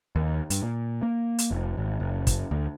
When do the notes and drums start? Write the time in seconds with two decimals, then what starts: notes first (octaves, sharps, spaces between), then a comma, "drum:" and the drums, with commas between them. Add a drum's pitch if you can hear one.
0.16 D#2
0.50 G2, drum: hi-hat
0.63 A#2
1.03 A#3
1.38 drum: hi-hat
1.51 F1
1.77 G#1
2.00 F#1
2.27 drum: kick, hi-hat
2.51 D2